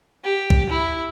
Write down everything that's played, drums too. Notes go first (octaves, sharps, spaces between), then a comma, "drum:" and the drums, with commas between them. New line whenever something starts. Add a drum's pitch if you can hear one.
G4
drum: kick
E4